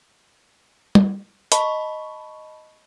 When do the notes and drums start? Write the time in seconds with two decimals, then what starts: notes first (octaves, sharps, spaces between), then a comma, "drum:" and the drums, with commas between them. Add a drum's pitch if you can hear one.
0.95 drum: tom G3
1.52 D#5 A5 B5 C#6, drum: hi-hat